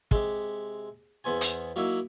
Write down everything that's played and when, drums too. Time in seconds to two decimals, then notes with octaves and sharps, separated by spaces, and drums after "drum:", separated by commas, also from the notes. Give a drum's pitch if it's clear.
0.11 C3 G#3, drum: kick
1.24 E2 B3 C5 G#5
1.41 drum: hi-hat
1.76 F#3 A#3 D#4 E4